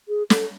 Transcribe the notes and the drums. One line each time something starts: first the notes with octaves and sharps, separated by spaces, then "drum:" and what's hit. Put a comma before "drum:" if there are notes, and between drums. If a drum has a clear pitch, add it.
G#4
A4, drum: snare